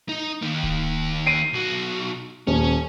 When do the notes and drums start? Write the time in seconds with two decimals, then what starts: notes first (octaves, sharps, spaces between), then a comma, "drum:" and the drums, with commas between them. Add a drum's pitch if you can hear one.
0.09 D#4
0.42 D#3 A#3
0.63 drum: kick D1
1.26 C7 D7 D#7
1.53 B1 F#4
2.47 D#1 C#4